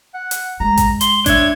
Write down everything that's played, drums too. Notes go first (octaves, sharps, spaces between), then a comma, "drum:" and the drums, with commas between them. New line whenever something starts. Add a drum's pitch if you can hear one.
F#5
drum: hi-hat
G#3 A#5
drum: kick A1, hi-hat
C6 G7, drum: hi-hat
D4 C#5 E5 G#6, drum: kick A1, hi-hat